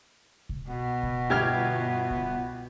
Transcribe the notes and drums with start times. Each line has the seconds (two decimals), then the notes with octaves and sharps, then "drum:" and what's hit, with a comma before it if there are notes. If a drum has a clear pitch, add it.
0.49 drum: kick C2
0.69 B2 B3
1.03 drum: kick C2
1.30 G1 G4 F6 G#6
2.11 drum: kick C2